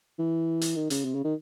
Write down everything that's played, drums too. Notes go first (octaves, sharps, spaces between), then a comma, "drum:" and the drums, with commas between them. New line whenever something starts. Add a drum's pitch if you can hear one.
E3
drum: hi-hat
D#3
C#3, drum: hi-hat
C3
C#3
D#3